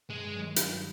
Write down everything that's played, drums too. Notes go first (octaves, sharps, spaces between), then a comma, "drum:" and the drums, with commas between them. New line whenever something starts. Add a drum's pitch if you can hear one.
G2 G#3
D#3 F#3
G2, drum: hi-hat